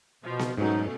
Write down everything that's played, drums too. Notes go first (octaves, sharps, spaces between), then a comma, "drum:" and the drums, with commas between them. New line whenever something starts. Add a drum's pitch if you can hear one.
B2 F3
drum: snare B3
G#2 B2 F#3 A3 C#4 D#4